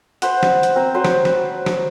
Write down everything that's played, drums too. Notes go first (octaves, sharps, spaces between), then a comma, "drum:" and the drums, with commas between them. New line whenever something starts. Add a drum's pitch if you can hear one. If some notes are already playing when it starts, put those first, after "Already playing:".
B4 C5 F#5, drum: hi-hat
drum: snare
drum: hi-hat
C4 A#4 C5
F#3 B4 C5
drum: snare
drum: snare
drum: snare